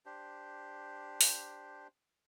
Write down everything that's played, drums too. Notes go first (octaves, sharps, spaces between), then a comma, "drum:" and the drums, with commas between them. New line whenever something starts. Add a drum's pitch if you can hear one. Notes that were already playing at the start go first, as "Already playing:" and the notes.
D4 G4 C5
drum: open hi-hat